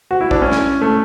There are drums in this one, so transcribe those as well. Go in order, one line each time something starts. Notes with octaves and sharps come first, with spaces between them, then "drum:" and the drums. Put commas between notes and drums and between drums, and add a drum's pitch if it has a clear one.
F#4
E4
D4, drum: kick
C#4
drum: snare
A3